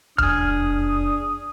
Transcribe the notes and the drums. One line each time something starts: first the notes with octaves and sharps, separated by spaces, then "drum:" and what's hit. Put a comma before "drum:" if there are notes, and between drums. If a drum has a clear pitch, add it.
E1 F2 D4 G#4 D#6 F6, drum: kick